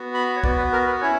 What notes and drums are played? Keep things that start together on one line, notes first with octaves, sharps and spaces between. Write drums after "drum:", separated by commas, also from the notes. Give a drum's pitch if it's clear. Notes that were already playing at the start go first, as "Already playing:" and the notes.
Already playing: B3 F#4
B5
C#5
B3 F#4 D5, drum: kick
B4
A#4
B4
C#4 E4 C#5